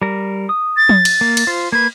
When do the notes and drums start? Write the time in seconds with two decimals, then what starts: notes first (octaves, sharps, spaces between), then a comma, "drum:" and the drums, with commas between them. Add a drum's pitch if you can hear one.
0.02 G3 A#4
0.49 D#6
0.77 A6
0.89 drum: tom F3
1.05 drum: cymbal
1.21 A#3
1.37 drum: cymbal
1.47 F4 C5
1.72 A#3 B4 G#6